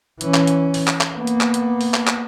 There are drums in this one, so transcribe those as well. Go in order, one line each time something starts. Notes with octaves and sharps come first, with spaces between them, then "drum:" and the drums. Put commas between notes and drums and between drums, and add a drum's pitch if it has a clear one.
E3 C#4, drum: hi-hat
drum: clap
drum: hi-hat
drum: open hi-hat
drum: clap
drum: clap
A#3 B3
drum: hi-hat
drum: clap
drum: hi-hat
drum: open hi-hat
drum: clap
drum: clap